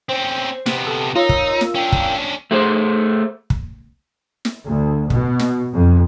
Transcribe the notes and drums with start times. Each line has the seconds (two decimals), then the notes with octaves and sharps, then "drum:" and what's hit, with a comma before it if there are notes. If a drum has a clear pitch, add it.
0.09 C4 C#4 C5
0.66 C3 B3, drum: snare
0.87 A4 A5
1.16 D#4 F4 A#4 C#5 E6
1.29 drum: kick
1.61 drum: snare
1.75 C#4 D4 G5
1.92 drum: kick
2.51 A3 G#4 C5
3.50 drum: kick
4.45 drum: snare
4.67 D2
5.10 B2, drum: kick
5.39 drum: snare
5.74 F2